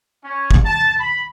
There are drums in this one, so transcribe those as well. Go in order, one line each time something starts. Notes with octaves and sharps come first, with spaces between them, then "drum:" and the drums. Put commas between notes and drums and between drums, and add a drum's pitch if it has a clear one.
C#4
drum: kick
A5
B5